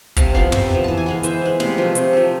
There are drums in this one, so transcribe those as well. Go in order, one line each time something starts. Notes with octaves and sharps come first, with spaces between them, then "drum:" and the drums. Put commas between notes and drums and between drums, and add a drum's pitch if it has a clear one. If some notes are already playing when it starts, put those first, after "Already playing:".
C3 F5 A5, drum: kick, hi-hat
F3 B3 D5 F5
C3 C5 E5, drum: tom
F3 B3
E3 A5
G#5
G#3 B3 F5
E3 C5 E5, drum: hi-hat
G#3 B3
C3 D5 F5, drum: snare
F3 A3
C3, drum: hi-hat
F3 A3